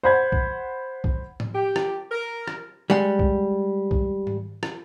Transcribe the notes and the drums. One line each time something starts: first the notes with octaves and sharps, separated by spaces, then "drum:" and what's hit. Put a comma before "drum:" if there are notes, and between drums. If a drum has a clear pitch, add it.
C5 F#5 B5 G#6
drum: kick
drum: kick
drum: tom A2
G4
drum: rim click
A#4
drum: rim click
G3 G#3 F#5
drum: kick
drum: kick
drum: tom G#2
drum: rim click